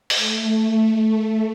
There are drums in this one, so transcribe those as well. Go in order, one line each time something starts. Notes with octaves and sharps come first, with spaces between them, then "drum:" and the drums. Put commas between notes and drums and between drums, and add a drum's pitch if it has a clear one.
A3, drum: open hi-hat